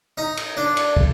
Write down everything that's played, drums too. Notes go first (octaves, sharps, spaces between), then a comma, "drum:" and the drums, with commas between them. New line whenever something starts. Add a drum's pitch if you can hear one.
D#4
drum: cymbal
D4
drum: cymbal
drum: kick